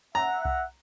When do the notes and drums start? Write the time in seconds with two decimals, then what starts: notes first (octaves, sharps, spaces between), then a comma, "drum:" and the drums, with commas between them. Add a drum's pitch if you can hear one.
0.15 E5 F#5 A#5
0.45 drum: kick C2